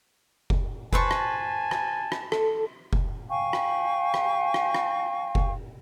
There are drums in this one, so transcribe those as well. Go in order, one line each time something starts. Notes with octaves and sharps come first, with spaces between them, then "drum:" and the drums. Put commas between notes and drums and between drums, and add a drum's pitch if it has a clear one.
drum: kick F1
B4 C5 G#5 A5 C#6, drum: kick F1
drum: rim click
drum: rim click
drum: rim click
A4, drum: rim click
drum: kick F1
F5 G5 G#5 C#6
drum: rim click
drum: rim click
drum: rim click
drum: rim click
drum: kick F1